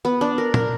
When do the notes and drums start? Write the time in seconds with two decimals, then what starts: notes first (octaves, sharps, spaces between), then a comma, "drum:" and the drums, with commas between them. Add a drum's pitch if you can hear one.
0.05 B3
0.21 D4
0.38 A#4
0.54 A#4, drum: tom